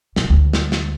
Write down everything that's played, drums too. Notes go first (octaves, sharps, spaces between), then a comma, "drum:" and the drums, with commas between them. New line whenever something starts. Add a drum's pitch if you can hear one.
B2 D3, drum: snare
D2
drum: snare
drum: snare